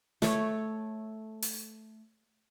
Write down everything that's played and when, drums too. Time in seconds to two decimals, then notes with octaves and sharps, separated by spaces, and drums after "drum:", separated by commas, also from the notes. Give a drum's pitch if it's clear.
0.22 A3 C#5, drum: snare
1.42 drum: open hi-hat